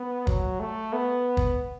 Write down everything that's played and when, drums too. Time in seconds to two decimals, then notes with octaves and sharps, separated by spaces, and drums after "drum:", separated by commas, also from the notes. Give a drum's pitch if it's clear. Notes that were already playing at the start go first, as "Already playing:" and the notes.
Already playing: B3
0.27 F#3, drum: kick
0.60 A3
0.93 B3
1.37 drum: kick